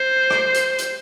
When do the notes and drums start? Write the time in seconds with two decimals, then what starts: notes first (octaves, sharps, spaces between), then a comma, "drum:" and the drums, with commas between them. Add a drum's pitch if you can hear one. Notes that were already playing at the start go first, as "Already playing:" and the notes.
Already playing: C5
0.30 drum: rim click
0.54 drum: hi-hat
0.78 drum: hi-hat